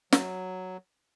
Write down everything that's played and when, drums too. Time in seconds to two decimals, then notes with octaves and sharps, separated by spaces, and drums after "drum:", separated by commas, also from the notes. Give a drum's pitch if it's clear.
0.12 F#3, drum: snare